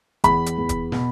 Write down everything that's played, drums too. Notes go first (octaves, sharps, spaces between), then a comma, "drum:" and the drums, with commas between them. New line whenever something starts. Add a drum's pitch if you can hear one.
E2 B5, drum: kick, hi-hat
drum: hi-hat
E2
drum: kick, hi-hat
B2, drum: snare